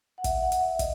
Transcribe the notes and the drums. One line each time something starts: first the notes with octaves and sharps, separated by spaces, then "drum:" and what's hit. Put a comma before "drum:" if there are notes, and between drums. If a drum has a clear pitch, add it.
F#5
E5, drum: kick, hi-hat
F#5
drum: hi-hat
E5
D#5, drum: kick, hi-hat